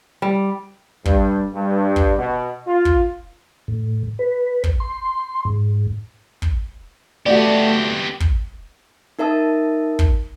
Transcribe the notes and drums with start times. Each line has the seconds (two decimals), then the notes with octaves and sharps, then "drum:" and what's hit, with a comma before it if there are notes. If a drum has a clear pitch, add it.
0.22 G3
1.05 G2, drum: kick
1.53 G2
1.96 drum: kick
2.18 B2
2.67 F4
2.85 drum: kick
3.68 A2
4.19 B4
4.64 drum: kick
4.80 C6
5.45 G#2
6.42 drum: kick
7.26 A3 B3 F#4 G4 D5
8.20 drum: kick
9.19 D#4 A#4 E5 A5 D#6 E6
9.99 drum: kick